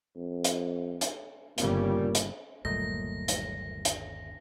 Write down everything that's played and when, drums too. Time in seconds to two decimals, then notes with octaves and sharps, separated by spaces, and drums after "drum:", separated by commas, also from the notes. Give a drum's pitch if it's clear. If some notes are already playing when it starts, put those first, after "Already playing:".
0.16 F2
0.44 drum: hi-hat
1.01 drum: hi-hat
1.58 G1 A#2 C#3 G3, drum: hi-hat
2.15 drum: hi-hat
2.65 G1 D#2 A#2 F#3 G3 A3 D#5 A#6
3.28 drum: hi-hat
3.85 drum: hi-hat